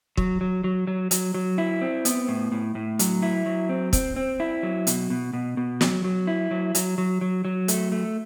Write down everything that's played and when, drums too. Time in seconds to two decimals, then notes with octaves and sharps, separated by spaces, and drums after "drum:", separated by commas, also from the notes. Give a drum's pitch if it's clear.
0.17 F#3, drum: kick
0.41 F#3
0.64 F#3
0.87 F#3
1.11 F#3, drum: hi-hat
1.34 F#3
1.58 E4
1.82 C4
2.05 B3, drum: hi-hat
2.28 A2
2.52 A2
2.75 A2
2.99 F#3, drum: hi-hat
3.22 E4
3.46 F#3
3.69 C4
3.93 C4, drum: kick, hi-hat
4.16 C4
4.40 E4
4.63 F#3
4.87 B2, drum: hi-hat
5.10 B2
5.33 B2
5.57 B2
5.81 F#3, drum: snare
6.04 F#3
6.27 E4
6.51 F#3
6.75 F#3, drum: hi-hat
6.98 F#3
7.21 F#3
7.45 F#3
7.68 A3, drum: hi-hat
7.92 A3